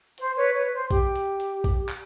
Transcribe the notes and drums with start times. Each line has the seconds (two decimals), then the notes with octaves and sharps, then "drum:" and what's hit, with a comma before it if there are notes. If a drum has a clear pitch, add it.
0.18 C5, drum: hi-hat
0.36 B4 C#5
0.54 B4 C#5
0.72 C5
0.91 G4, drum: kick A#1, hi-hat
1.15 drum: hi-hat
1.40 drum: hi-hat
1.64 drum: kick A#1, hi-hat
1.89 drum: clap